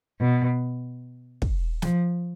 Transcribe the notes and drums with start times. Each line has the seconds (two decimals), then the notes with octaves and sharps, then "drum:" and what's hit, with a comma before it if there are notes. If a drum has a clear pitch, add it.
0.19 B2
1.42 drum: kick
1.82 F3, drum: snare